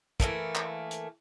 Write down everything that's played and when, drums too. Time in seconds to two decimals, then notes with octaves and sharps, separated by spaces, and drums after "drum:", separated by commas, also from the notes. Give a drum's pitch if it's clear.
0.20 E3 F#3 A3 A#3, drum: kick
0.55 drum: clap
0.91 drum: hi-hat